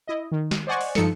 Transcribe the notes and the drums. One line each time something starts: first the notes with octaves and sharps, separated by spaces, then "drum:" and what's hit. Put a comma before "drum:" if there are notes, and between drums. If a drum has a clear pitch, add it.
E4 D#5
D#3
drum: snare
C5 D5 D#5 F#5 G#5 C#6
drum: open hi-hat
G2 F3 D#4 A4 C#7, drum: snare